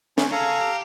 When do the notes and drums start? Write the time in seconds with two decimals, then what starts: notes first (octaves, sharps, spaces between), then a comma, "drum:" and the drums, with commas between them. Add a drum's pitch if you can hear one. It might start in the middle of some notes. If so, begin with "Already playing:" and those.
0.18 D2 C#4, drum: snare
0.32 C#4 G#4 A4 F5 A#5
0.60 G4